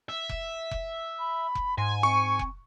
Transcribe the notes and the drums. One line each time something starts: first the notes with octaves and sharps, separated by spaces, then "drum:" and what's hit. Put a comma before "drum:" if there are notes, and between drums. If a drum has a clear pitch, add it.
E5
drum: kick F1
drum: kick F1
B5
drum: kick F1
G#2 G#5 C6
C4 C#6
drum: kick F1